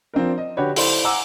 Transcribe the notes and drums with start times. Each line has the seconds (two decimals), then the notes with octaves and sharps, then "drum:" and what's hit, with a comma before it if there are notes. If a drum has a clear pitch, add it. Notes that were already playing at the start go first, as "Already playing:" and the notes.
0.14 F3 C4 D4 A#4
0.38 D#5
0.57 D3 D4 F#4 G4 B4 C#5
0.76 E4 A4 C5 D5 C6, drum: open hi-hat
1.04 F#5 G#5 A#5 D6 E6